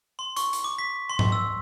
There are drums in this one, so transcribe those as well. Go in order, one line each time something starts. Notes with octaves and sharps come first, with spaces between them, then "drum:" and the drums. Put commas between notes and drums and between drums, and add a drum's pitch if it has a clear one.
C6
C#6, drum: hi-hat
drum: hi-hat
D6
B6
C6
drum: tom G#2
E6